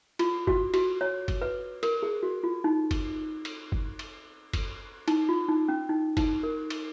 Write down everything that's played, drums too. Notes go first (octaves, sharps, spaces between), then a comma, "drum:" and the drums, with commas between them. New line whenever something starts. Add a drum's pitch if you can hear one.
F4, drum: cymbal
F#4, drum: kick F#1
F#4, drum: cymbal
C#5
drum: kick F#1, cymbal
B4
A#4, drum: cymbal
G#4
F#4
F4
D#4
drum: kick F#1, cymbal
drum: cymbal
drum: kick F#1
drum: cymbal
drum: kick F#1, cymbal
D#4, drum: cymbal
F4
D#4
C#4
D#4
D#4, drum: kick F#1, cymbal
A#4
drum: cymbal